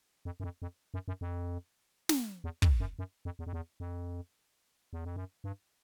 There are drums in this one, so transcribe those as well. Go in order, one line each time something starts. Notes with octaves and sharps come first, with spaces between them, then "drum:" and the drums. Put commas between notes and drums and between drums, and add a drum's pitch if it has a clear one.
F2
F#2
F2
F2
F#2
F#2
F2
drum: snare
E2
F2, drum: kick
F#2
F#2
F2
E2
F2
E2
F2
E2
F2
F#2
G2